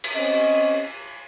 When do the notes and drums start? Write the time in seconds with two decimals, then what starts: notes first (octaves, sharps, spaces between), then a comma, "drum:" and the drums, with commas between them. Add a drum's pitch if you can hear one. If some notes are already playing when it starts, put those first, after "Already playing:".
0.04 drum: cymbal
0.15 C4 C#4 D#5